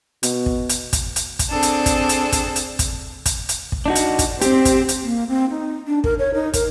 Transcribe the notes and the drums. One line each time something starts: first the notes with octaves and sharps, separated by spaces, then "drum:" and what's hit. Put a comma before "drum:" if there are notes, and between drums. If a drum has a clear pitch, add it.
B2, drum: hi-hat
drum: kick
drum: hi-hat
drum: kick, hi-hat
drum: hi-hat
drum: kick, hi-hat
C4 D4 G#4 A4
drum: hi-hat
drum: kick, hi-hat
drum: hi-hat
drum: kick, hi-hat
drum: hi-hat
drum: kick, hi-hat
drum: kick, hi-hat
drum: hi-hat
drum: kick
D4 D#4 F#4
drum: hi-hat
drum: kick, hi-hat
C4 G4, drum: hi-hat
drum: kick, hi-hat
drum: hi-hat
A#3
C4
D#4
D4
A#4, drum: kick
C#5
D#4
A#4, drum: kick, hi-hat